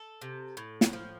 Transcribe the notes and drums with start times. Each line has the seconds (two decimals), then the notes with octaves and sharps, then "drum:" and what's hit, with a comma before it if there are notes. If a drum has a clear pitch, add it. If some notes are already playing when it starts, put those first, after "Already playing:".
Already playing: A4
0.22 C3
0.57 A2
0.81 drum: snare
0.93 F3